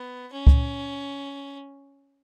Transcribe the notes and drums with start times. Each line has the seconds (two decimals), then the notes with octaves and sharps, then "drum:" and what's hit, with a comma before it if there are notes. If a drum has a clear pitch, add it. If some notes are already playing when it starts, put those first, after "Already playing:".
Already playing: B3
0.33 C#4
0.47 drum: kick C#2